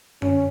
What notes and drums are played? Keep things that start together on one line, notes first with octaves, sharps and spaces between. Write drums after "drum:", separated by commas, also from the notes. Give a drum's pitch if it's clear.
C#4, drum: tom F#2